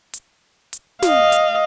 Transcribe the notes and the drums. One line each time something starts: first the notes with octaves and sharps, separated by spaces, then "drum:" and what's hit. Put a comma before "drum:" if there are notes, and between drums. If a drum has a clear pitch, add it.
drum: hi-hat
drum: hi-hat
D#5 F5, drum: snare
drum: hi-hat